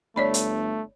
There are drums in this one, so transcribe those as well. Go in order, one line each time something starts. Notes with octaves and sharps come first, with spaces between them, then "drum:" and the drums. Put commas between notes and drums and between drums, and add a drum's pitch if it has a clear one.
G1 A3 C#5 D5 B5
drum: hi-hat